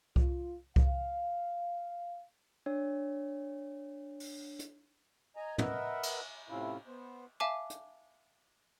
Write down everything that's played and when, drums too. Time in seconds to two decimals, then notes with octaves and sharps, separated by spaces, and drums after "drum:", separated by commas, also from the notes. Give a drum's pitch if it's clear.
0.16 F4, drum: kick C2
0.76 F5, drum: kick C2
2.66 D4 C#5
4.20 drum: open hi-hat
4.59 drum: hi-hat
5.36 D#5 G#5 A#5
5.58 A#4 B4 D#5 E5 F#5, drum: tom
6.03 drum: cymbal
6.49 A2 C3 C#4 E4 F4
6.87 B3 C5
7.40 E5 F5 G#5 A5 D6
7.70 drum: hi-hat